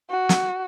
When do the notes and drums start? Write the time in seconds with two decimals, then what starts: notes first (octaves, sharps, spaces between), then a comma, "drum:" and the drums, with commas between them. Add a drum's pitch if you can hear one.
0.10 F#4
0.29 drum: snare